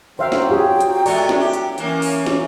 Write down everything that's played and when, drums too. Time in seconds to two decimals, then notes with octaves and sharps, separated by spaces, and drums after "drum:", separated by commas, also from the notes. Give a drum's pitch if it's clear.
0.19 F#3 C5 E5 F5 G5
0.32 drum: snare
0.50 F4 G4 G#4
0.80 drum: hi-hat
1.06 G#3 A3 B3 D5 A#5 C#6, drum: open hi-hat
1.29 drum: snare
1.40 G4
1.53 drum: hi-hat
1.78 E3 A#3 C#4, drum: hi-hat
2.02 drum: open hi-hat
2.26 drum: snare